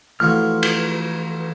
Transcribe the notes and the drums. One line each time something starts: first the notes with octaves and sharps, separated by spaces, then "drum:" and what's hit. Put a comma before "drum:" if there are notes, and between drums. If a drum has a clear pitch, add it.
A1 F3 F#3 F6
drum: cymbal